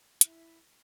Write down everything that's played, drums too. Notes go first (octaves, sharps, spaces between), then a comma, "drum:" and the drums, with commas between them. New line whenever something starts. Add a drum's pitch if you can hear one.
E4, drum: hi-hat